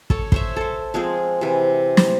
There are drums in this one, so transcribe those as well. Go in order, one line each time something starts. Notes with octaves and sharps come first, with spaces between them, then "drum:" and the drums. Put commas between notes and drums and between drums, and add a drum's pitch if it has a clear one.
A4 C#5, drum: kick
C5 C#5 E5, drum: kick
A4 C5
F3 G#3 C4 G#4
C3 E3
C5, drum: snare